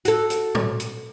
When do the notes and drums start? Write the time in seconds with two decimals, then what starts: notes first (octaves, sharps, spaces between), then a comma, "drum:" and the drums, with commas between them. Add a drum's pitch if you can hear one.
0.05 F#4 A4, drum: hi-hat
0.30 drum: hi-hat
0.55 drum: tom A2
0.80 drum: hi-hat